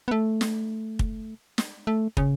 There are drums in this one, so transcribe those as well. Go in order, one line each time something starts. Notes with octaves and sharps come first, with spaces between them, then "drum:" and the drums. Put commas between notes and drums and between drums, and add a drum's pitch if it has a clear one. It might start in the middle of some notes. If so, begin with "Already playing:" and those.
B3
A3
drum: snare
drum: kick
drum: snare
A3
C#3, drum: kick